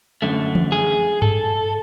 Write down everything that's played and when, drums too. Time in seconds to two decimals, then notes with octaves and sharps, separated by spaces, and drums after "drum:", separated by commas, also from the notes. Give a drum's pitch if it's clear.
0.22 F#2 D3 A3
0.55 drum: tom E3
0.72 G#4
1.22 A4, drum: tom G2